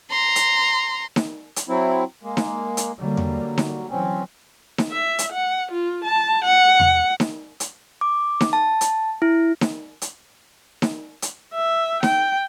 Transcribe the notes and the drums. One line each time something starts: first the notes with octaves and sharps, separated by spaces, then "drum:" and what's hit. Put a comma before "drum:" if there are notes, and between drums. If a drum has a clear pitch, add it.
A#5 C6
drum: hi-hat
drum: snare D#4
drum: hi-hat
F#3 C4 E4
G#3 A#3
drum: snare D#4
drum: hi-hat
D3 F#3 G3 A#3
drum: tom E2
drum: snare D#4
E3 F#3 C4 C#4
drum: snare D#4
E5
drum: hi-hat
F#5
F4
A5
F#5
drum: tom E2
drum: snare D#4
drum: hi-hat
D6
drum: snare D#4
A5
drum: hi-hat
E4
drum: snare D#4
drum: hi-hat
drum: snare D#4
drum: hi-hat
E5
G5, drum: snare D#4